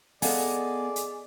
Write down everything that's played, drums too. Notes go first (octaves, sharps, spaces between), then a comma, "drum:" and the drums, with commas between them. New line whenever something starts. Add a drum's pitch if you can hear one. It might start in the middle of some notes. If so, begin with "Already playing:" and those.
B3 G#4 A4 D5 D#5 F5 G#5, drum: open hi-hat
drum: hi-hat